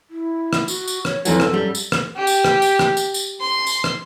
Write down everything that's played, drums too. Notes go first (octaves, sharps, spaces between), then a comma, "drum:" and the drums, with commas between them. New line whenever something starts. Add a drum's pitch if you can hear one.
E4
drum: rim click
F#4, drum: tambourine
drum: tambourine
C#5, drum: rim click
F2 E3 F#3 A4, drum: tambourine
drum: rim click
F#2 G3
drum: tambourine
drum: rim click
G4
drum: tambourine
drum: rim click
drum: tambourine
drum: rim click
drum: tambourine
drum: tambourine
C6
drum: tambourine
drum: rim click